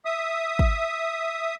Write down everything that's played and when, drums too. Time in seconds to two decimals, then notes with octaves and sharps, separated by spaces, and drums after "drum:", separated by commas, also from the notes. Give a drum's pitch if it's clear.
0.05 E5 D#6
0.59 drum: kick